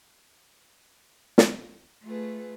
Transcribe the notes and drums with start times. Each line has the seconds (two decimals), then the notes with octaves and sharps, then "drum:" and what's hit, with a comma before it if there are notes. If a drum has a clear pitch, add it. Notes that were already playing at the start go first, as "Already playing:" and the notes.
1.38 drum: snare
2.03 A3 F4 G#4 B4